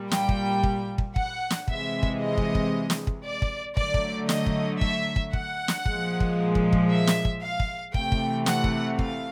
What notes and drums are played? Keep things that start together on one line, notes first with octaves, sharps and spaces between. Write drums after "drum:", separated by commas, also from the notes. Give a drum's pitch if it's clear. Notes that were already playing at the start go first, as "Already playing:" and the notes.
Already playing: A#2 G3
G5, drum: snare
drum: kick
drum: kick
drum: kick
F#5, drum: kick
drum: snare
C3 E3 G#3 E5, drum: kick
drum: kick
D#5
drum: kick
drum: kick
drum: snare
drum: kick
D5
drum: kick
D3 F#3 A3 D5, drum: kick
drum: kick
D#5, drum: snare
drum: kick
E5, drum: kick
drum: kick
F#5, drum: kick
drum: snare
A#2 F3 G#3, drum: kick
drum: kick
drum: kick
drum: kick
E5
drum: snare
drum: kick
F5
drum: kick
C3 E3 A3 G5, drum: kick
drum: kick
F#5, drum: snare
drum: kick
F5, drum: kick